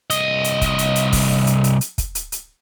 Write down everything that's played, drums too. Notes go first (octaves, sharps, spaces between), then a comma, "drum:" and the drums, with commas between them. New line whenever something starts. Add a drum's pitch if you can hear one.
C2 D#5, drum: hi-hat
drum: hi-hat
drum: kick, hi-hat
drum: hi-hat
drum: hi-hat
drum: kick, open hi-hat
drum: hi-hat
drum: hi-hat
drum: hi-hat
drum: kick, hi-hat
drum: hi-hat
drum: hi-hat